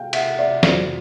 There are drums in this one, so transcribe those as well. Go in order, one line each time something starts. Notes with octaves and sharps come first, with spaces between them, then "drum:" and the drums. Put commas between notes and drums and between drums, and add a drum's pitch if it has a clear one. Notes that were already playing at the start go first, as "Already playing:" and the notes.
Already playing: F5 G5
E5 F#5, drum: cymbal
D5 E5
F1 F2 C#3 F#3 C5 D5, drum: snare